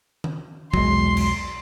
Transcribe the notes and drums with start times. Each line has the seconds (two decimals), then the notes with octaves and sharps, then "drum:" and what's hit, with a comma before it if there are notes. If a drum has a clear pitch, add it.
0.24 drum: tom D#3
0.74 B1 E2 F#3 G#3 C6, drum: kick
1.17 drum: cymbal